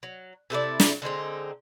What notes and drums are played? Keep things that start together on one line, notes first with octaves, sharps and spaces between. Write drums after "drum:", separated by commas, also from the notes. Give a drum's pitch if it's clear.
F#3
C3 A3 E4 D5
drum: snare
D3 G#3 C4 D#4